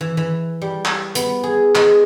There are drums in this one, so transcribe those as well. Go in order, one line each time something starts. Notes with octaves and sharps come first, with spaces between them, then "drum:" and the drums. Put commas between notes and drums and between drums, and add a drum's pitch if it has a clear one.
E3
E3
G3
drum: clap
B3, drum: hi-hat
G#4
G#3, drum: clap